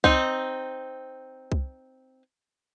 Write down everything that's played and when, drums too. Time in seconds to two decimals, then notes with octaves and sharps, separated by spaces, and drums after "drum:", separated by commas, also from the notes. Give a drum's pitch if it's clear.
0.04 C4 D#4, drum: kick C2
1.52 drum: kick C2